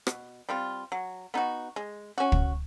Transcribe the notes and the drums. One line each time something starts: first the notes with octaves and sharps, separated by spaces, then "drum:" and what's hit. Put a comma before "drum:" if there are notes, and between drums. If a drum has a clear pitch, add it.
B2, drum: rim click
G3 C4 F4
F#3
B3 D#4 F#4
G#3
C#4 F#4
drum: kick